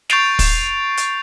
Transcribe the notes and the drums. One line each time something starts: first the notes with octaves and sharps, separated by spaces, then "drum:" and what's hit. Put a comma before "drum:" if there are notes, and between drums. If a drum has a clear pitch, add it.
C#6 G6 A6 C7 D7 F7, drum: snare
drum: kick, open hi-hat
drum: hi-hat